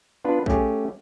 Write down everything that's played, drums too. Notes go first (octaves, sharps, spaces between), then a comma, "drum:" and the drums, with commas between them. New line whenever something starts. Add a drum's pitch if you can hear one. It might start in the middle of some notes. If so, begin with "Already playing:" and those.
B3 D4 F4 B4
A3 C#4 G4 G#4, drum: kick A#1